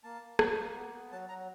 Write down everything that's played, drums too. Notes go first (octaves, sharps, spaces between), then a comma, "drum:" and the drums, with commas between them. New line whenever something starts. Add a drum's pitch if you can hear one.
A#3 A5
A#3
A#3, drum: rim click
A#3
B3
B3
F#3 A5
F#3 A#5